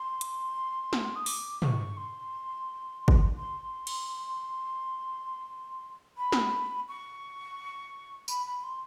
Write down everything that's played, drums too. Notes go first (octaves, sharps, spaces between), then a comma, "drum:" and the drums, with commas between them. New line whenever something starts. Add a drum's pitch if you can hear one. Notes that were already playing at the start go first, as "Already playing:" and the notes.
Already playing: C6
drum: hi-hat
drum: snare
D#6
D6, drum: open hi-hat
C#6, drum: tom
C6
drum: kick
C6
drum: cymbal
B5
drum: snare
C#6
B5, drum: tambourine
B5
C6